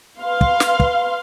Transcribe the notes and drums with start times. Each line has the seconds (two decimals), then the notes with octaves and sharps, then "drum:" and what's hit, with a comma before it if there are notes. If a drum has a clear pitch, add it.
0.21 B4 F5 C6
0.41 drum: kick
0.60 drum: snare
0.80 drum: kick